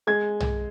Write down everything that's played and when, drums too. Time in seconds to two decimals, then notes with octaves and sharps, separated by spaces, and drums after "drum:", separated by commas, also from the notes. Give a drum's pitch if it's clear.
0.07 G#3 G#6
0.40 drum: tom B1